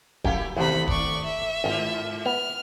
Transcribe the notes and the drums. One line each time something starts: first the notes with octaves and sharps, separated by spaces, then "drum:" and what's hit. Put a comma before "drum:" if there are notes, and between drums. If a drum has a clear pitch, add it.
F#2 A3 E4 G4 F5, drum: kick E1
E2 C3 D#3 A3 B3 C5 B5
D5 C#6, drum: kick E1
E5
G#1 G#2 F4
B3 F6